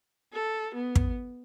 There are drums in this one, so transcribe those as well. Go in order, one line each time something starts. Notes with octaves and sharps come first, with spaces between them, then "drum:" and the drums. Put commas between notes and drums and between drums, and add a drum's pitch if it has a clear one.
A4
B3
drum: kick